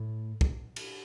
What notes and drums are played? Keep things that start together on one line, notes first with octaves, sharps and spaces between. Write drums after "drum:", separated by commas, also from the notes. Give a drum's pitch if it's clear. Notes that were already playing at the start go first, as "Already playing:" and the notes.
Already playing: A2
drum: kick
drum: cymbal